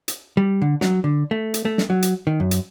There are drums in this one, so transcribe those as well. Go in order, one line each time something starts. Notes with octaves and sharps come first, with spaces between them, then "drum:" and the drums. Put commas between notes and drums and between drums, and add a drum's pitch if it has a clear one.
drum: hi-hat
G3
D3
F#3, drum: snare
D3
A3
drum: hi-hat
A3
drum: snare
F#3
drum: hi-hat
D#3
F#2
drum: hi-hat